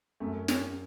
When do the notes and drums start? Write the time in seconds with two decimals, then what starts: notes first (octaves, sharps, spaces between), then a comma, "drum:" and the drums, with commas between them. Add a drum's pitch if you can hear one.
0.20 F#2 A3
0.48 C#4, drum: snare